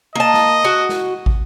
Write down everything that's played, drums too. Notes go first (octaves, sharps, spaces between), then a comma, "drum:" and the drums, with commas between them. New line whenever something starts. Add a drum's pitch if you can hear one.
A#3 D#5 A5
drum: snare
F#4
drum: snare
drum: kick